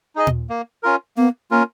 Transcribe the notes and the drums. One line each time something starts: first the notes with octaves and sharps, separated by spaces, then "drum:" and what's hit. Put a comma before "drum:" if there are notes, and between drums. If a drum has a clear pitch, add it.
D#4 G#4 D#5
drum: tom A#2
A#3
C#4 F4 A#4
A#3 B3
A#3 C#4 F4 A#4